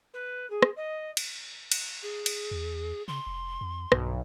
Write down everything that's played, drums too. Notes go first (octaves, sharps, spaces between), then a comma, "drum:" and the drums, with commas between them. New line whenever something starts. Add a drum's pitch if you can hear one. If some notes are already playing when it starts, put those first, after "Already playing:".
B4
G#4
drum: rim click
D#5
drum: cymbal
drum: cymbal
G#4
drum: cymbal
E2
C#3 C6
F1
F2
B1 G2, drum: rim click